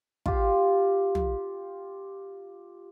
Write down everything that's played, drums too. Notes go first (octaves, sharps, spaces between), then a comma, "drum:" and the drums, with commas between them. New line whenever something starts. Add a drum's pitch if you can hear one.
F4 G4, drum: kick
drum: tom